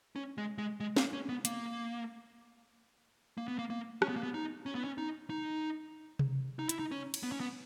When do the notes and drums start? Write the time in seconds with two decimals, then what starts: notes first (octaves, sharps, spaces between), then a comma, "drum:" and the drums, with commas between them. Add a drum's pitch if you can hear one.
0.16 C#4
0.38 G#3
0.58 G#3
0.80 G#3
0.97 A#3, drum: snare
1.13 C#4
1.29 B3
1.45 A#3, drum: hi-hat
3.37 A#3
3.48 B3
3.59 A#3
3.70 A#3
4.02 C#4, drum: rim click
4.09 B3
4.16 A#3
4.23 B3
4.34 D#4
4.66 C#4
4.75 B3
4.84 C#4
4.98 D#4
5.30 D#4
6.19 drum: tom C3
6.59 D#4
6.69 E4, drum: hi-hat
6.79 D#4
6.91 C#4
7.14 drum: cymbal
7.23 B3
7.32 C#4
7.40 B3